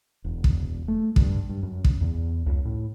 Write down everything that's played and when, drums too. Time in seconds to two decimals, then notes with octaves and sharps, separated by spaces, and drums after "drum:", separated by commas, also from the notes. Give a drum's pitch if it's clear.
0.24 E1
0.44 drum: kick
0.88 A3
1.16 G2, drum: kick
1.49 G2
1.63 F#2
1.85 drum: kick
2.01 E2
2.46 C#2
2.65 A2